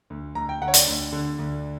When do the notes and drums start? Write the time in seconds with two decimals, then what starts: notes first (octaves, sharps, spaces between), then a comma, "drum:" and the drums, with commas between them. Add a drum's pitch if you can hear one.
0.10 D2
0.35 D2 A#5
0.49 G5
0.61 D2 F#5
0.68 C#5
0.74 D5, drum: hi-hat
0.88 D2
1.12 D3
1.39 D2